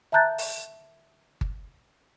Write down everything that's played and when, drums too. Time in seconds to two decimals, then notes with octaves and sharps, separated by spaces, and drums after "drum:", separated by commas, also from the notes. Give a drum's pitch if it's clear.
0.12 E5 A5 A#5 F#6 G6 A6
0.38 drum: open hi-hat
1.41 drum: kick G1